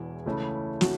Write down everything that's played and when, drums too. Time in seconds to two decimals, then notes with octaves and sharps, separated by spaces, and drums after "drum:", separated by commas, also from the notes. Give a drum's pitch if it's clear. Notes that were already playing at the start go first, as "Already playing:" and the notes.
Already playing: E1 E2 E3 E4
0.26 C#2 C#3 E3 A3 C#4
0.81 F#4, drum: snare